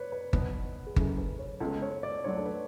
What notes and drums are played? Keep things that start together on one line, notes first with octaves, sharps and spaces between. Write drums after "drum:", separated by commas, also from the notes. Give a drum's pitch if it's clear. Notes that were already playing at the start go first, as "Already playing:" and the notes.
Already playing: B4 C#5 D5
B4
B2 F#3 B3 B4, drum: kick G1
G#4
F#1 F#2 C#3 A4, drum: kick G1
B4
C#5
C#2 C#3 G#3 B3 A4
C#5
D5
D2 D3 F#3 A3 D4 C#5
A4
B4